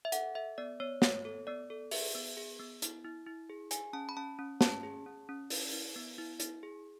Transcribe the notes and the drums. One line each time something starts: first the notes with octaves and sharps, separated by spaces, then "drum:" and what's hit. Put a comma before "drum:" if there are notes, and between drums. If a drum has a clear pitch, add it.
E5
A4 F#5, drum: hi-hat
A4 E5
B3 D5
B3 C#5
B3 C#5, drum: snare
A4
B3 D5
A4
G#4 E5, drum: open hi-hat
B3
G#4
B3
E4, drum: hi-hat
E4
E4
G#4
G#4 G#5, drum: hi-hat
C#4 A5
B5
C#4 A5
C#4
C#4 A5, drum: snare
G#4
C#4
C#4
E4, drum: open hi-hat
E4
B3
E4
E4, drum: hi-hat
G#4